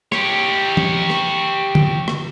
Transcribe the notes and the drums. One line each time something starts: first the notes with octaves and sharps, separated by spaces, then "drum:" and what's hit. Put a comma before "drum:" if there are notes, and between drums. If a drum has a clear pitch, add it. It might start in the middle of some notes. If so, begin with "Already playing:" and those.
G4 C#5, drum: rim click
drum: tom
drum: rim click
drum: tom D3
drum: rim click